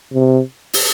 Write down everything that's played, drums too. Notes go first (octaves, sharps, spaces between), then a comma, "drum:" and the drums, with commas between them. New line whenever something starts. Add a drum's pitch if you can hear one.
C3
drum: open hi-hat